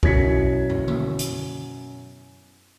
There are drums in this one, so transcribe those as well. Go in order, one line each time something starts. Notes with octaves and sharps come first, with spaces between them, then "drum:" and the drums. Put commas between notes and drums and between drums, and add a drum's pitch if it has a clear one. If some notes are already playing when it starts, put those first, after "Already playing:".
F#2 B2 E4 G#6 B6 C#7, drum: kick A#1
drum: tom
drum: tom D3
drum: hi-hat